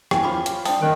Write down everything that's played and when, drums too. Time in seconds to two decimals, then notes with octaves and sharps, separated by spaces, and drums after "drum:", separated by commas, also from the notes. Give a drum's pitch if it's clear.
0.11 E2 G5 G#5, drum: rim click
0.23 C#4 F4 C5 B5 D6
0.46 drum: hi-hat
0.65 D4 C5 G5 A5 D#6, drum: open hi-hat
0.81 F#2 D#3 F#6 D7